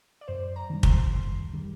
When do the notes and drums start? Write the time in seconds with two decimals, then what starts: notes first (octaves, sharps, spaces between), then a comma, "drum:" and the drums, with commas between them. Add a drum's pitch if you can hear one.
0.21 D5
0.28 F#2 C5
0.56 A#5
0.70 D#3 G3
0.83 C6, drum: kick
1.11 F#2
1.53 D#3 G3